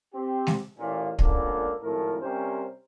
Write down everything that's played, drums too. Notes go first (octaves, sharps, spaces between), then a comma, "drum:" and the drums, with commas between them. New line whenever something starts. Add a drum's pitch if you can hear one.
C4 G4
drum: snare
A1 A#2
C#2 A#2 A#3 B3 D4 A4, drum: kick
G#1 F2 A2 A4 A#4
C3 G3 C#4 A#4 C5